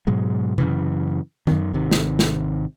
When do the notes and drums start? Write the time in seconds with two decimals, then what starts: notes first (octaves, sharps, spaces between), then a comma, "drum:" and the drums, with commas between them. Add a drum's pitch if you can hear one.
0.07 G#2 B2 F#3 G#3
0.58 F#2 C#3 E3, drum: tom C3
1.47 F#2 D#3, drum: tom D#3
1.73 G#1 C3 D#3
1.91 drum: snare
2.19 drum: snare